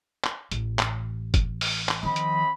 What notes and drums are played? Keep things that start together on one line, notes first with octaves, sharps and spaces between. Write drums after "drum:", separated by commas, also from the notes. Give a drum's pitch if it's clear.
drum: clap
A1, drum: hi-hat
drum: clap
drum: kick, hi-hat
drum: open hi-hat
drum: clap
D#3 F3 C4 D#5 B5
drum: hi-hat